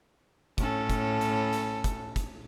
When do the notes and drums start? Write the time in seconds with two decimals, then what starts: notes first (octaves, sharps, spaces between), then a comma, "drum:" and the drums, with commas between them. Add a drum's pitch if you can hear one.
0.58 A2 C#4 A4, drum: kick, hi-hat
0.90 drum: kick, hi-hat
1.21 drum: hi-hat
1.53 drum: hi-hat
1.84 drum: kick, hi-hat
2.16 drum: kick, hi-hat